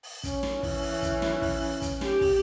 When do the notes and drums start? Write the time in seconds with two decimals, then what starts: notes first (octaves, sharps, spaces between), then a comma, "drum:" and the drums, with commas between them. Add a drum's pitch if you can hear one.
0.03 drum: open hi-hat
0.23 C#4, drum: kick, hi-hat
0.43 drum: snare
0.63 E3, drum: kick, open hi-hat
0.82 drum: open hi-hat
1.02 drum: kick, hi-hat
1.22 drum: snare
1.42 drum: kick, open hi-hat
1.62 drum: open hi-hat
1.81 drum: kick, hi-hat
2.01 G4, drum: snare
2.21 drum: kick, open hi-hat